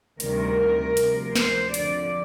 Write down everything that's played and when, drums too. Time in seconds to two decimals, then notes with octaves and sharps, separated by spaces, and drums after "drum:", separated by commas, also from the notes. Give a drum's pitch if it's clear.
0.20 D2 C3 D#3 G3 A#4, drum: hi-hat
0.97 D2 C3 F3, drum: hi-hat
1.36 C5, drum: snare
1.74 F2 D3 F3 D5, drum: hi-hat